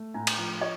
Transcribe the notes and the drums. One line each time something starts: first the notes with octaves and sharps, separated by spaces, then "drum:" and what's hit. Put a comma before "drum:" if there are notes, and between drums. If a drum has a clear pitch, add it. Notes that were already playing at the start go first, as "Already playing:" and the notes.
Already playing: A3
A2 G#5 A#5
drum: cymbal
F3
C#5 D#5